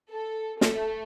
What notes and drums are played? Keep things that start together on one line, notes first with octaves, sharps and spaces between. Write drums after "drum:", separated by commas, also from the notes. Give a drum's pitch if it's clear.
A4
A3, drum: snare